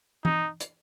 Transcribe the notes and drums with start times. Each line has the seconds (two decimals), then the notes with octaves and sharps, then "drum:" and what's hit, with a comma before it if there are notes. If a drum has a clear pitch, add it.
0.25 D#4, drum: tom E3
0.60 drum: hi-hat